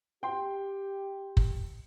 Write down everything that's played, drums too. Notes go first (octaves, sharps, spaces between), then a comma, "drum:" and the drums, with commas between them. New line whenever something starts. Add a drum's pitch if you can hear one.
G4 G5 C6
drum: kick